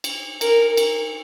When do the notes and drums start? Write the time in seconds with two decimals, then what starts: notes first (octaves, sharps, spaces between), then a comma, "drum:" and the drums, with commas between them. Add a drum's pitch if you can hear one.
0.04 drum: cymbal
0.41 A#4, drum: cymbal
0.77 drum: cymbal